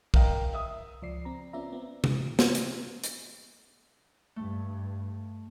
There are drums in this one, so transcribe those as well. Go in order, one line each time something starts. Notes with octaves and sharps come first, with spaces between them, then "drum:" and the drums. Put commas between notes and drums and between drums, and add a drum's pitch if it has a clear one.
A#4 D#5 F5 G5, drum: kick
E5 D#6
C#2 F3 D5 C7
C4 A#5
B3 C#4 F4 D5 E5 A#5
B3 C4
drum: tom
drum: snare
drum: hi-hat
drum: hi-hat
G2 A3